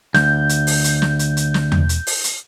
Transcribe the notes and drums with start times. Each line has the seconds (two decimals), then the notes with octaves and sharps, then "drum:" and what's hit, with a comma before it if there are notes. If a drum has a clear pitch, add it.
0.14 D2 G6, drum: snare
0.49 drum: hi-hat
0.67 drum: open hi-hat
0.84 drum: hi-hat
1.02 drum: snare
1.19 drum: hi-hat
1.37 drum: hi-hat
1.54 drum: snare
1.72 drum: tom E2
1.89 drum: hi-hat
2.07 drum: open hi-hat
2.24 drum: hi-hat